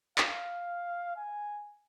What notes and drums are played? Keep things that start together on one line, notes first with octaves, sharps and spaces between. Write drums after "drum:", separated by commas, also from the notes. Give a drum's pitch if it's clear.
F5, drum: clap
G#5